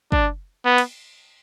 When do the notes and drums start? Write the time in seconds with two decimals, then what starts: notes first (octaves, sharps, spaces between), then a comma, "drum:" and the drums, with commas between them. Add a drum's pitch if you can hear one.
0.12 D4, drum: kick
0.65 B3
0.78 drum: cymbal